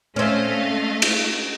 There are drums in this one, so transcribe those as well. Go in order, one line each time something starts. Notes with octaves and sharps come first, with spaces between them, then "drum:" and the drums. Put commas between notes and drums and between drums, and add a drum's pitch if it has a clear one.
A3 C4 C#4 D#5 F5
drum: cymbal